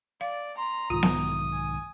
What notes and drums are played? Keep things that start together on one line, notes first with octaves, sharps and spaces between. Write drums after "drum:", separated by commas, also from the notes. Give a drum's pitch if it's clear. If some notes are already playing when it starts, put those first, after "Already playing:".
D5 F5
A#5 C6
B1 G#2 D#3 F4 D#6
drum: snare B3
G#5